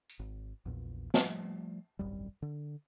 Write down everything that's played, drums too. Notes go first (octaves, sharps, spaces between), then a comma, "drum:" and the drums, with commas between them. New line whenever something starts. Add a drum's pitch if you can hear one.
drum: tambourine
G#1
A#1 E2 A#2
F3 G3 A3, drum: snare
D#1 G#1 F#2 G3
D3